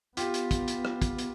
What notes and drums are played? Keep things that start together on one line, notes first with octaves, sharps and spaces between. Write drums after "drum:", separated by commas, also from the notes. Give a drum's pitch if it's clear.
B3 F4 G4, drum: hi-hat
drum: hi-hat
drum: kick, hi-hat
drum: hi-hat
drum: rim click
drum: kick, hi-hat
drum: hi-hat